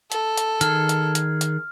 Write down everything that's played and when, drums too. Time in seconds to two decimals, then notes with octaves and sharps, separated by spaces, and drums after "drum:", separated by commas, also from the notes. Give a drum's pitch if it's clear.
0.12 A4, drum: hi-hat
0.37 drum: hi-hat
0.61 D#3 G#4 F6, drum: hi-hat
0.89 drum: hi-hat
1.15 drum: hi-hat
1.41 drum: hi-hat